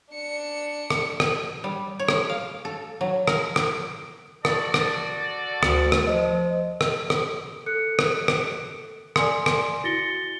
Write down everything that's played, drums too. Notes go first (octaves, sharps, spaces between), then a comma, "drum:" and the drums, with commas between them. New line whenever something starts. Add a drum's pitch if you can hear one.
D4 C#7
drum: rim click
drum: rim click
G3
C#5
drum: rim click
F5
A4
F#3
A#4, drum: rim click
drum: rim click
F#4 A4 D5, drum: rim click
drum: rim click
D2, drum: rim click
drum: rim click
F3 C5 D#5
drum: rim click
drum: rim click
A4 F#6 C#7
drum: rim click
drum: rim click
D5 G#5 C6, drum: rim click
drum: rim click
E4 F#4 A6 A#6 C#7 G7